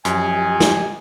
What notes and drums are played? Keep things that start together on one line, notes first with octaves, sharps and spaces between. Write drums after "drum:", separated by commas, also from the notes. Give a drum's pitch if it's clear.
F#2 F3 G4 D#5 G#5, drum: hi-hat
drum: snare